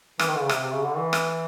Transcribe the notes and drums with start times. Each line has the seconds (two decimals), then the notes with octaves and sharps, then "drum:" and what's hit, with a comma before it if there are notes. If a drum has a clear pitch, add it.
0.19 E3, drum: rim click
0.27 D#3
0.34 D3
0.42 C#3
0.49 C3, drum: rim click
0.60 C3
0.72 C#3
0.84 D3
0.97 E3
1.13 drum: rim click